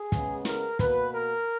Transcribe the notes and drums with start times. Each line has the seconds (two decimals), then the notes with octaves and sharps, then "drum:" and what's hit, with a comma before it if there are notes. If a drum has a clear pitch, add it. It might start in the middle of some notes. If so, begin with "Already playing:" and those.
Already playing: G#4
0.12 C#3 G#3 B3, drum: kick, hi-hat
0.45 A#4, drum: snare
0.79 B2 A#3 B4, drum: kick, hi-hat
1.13 A#4